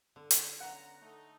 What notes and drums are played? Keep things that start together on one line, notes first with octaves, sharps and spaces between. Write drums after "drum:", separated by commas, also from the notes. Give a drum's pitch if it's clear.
D3
drum: hi-hat
B3 C#4 F#5 A#5
A3 D#4